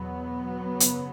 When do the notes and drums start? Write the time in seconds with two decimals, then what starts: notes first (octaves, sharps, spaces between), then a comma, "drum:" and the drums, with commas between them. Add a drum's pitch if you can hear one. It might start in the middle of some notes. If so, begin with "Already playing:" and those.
Already playing: E2 B2 F#3 B3
0.65 F#2 C#3
0.80 drum: hi-hat